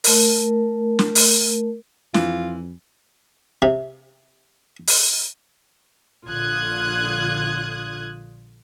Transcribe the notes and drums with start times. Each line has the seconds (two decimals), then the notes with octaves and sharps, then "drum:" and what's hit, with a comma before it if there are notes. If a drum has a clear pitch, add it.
0.04 A3 A#4, drum: open hi-hat
0.99 drum: snare
1.15 drum: open hi-hat
2.14 F2 E3 F4, drum: snare
3.62 C3
4.87 drum: open hi-hat
6.27 A#1 D3 F4 D#6 F#6 G#6